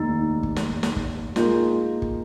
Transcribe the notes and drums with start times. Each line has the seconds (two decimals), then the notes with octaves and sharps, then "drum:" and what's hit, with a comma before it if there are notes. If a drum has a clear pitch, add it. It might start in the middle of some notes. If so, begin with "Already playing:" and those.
Already playing: F1 D#2 D#3 D#4
0.43 drum: kick
0.56 drum: snare
0.83 drum: snare
0.96 drum: kick
1.36 A#2 G#3 D#4 F4 A#4, drum: snare
2.02 drum: kick